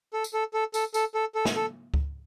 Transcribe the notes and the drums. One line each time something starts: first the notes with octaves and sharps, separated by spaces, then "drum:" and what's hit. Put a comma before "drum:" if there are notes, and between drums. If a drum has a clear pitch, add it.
A4
drum: tambourine
A4
A4
A4, drum: tambourine
A4, drum: tambourine
A4
A4
drum: snare
A4
drum: kick C#2